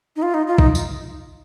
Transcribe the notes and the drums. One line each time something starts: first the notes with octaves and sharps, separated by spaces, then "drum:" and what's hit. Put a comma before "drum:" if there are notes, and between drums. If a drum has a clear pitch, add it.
D#4
F4
D#4
F4
D#4, drum: kick
drum: tambourine